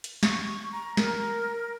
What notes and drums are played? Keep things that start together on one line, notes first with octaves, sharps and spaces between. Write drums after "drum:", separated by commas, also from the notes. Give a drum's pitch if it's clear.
drum: hi-hat
C#6, drum: snare
A#5
A#4, drum: snare